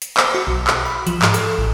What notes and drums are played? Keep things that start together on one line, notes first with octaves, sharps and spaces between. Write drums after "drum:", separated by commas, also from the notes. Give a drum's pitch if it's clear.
drum: hi-hat
C5, drum: clap
F#4
B1
F#6, drum: clap
B5
F3, drum: hi-hat
G#2, drum: clap
A4, drum: hi-hat
A1